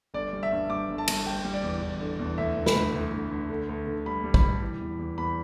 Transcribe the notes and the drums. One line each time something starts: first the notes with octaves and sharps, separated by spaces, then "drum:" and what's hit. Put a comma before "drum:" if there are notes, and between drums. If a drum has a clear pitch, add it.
G1 D5
G3
E5
G2
G2 D6
G1
A5
G1, drum: cymbal
G3 G5
G3
D5
E2
E2
D3
E2
D2 E5
D2
B5, drum: snare
D2
D2
D3
D2
D3
D2
D3
G3 B5
G3
B5, drum: kick
G3
E3
E2
E2
E2 B5